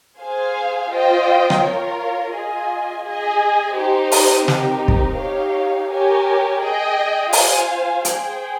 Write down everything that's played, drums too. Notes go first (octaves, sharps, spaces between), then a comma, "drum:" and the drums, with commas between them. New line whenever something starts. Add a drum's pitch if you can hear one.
G#4 C5 F5 G#5
F4 C5 D#5 G5
drum: rim click
F4 A#4 C#5
F4 G#4 D#5 G#5
G#4 D#5 G#5
D#4 G4 C5
drum: open hi-hat
C4 D#4 G4 A#4, drum: snare
drum: kick
D#4 G4 C#5 F5
G4 A#4 C#5 G#5
G#4 D#5 G5
F4 C5 F5 G#5, drum: open hi-hat
G#4 C5 G5, drum: hi-hat